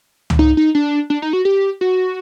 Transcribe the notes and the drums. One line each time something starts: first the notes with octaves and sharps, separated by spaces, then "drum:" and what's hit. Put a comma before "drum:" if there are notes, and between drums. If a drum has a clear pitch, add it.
drum: tom
D#4
D#4
D4
D4
D#4
F#4
G4
F#4